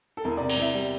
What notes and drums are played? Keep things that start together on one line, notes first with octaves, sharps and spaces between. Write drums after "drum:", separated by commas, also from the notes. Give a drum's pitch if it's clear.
A4
E2 A#4
C3 D5
D5, drum: cymbal
E2 E5
G3